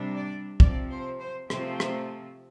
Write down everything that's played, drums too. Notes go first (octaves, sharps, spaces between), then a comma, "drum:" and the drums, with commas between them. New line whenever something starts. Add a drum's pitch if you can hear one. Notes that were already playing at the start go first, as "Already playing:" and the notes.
Already playing: C3 G3 D4
D5
C3 F3 C4 D5, drum: kick
C5
C5
C3 F3 A3 C4 C5, drum: rim click
drum: rim click